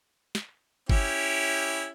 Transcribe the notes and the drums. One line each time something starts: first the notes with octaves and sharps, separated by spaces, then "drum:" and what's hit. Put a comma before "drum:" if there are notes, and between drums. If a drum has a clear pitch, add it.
drum: snare
C#4 E4 G4, drum: kick G1